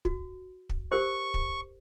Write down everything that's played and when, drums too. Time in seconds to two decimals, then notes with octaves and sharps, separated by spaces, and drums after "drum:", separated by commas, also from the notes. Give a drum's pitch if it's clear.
0.05 F#4, drum: kick
0.69 drum: kick
0.92 G4 A#4 C5 C#6
1.34 drum: kick